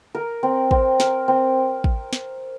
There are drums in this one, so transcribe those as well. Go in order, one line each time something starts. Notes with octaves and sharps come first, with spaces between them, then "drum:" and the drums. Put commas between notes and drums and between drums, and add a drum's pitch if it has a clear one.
A#4
C4
C4, drum: kick
A#4, drum: snare
C4
drum: kick
drum: snare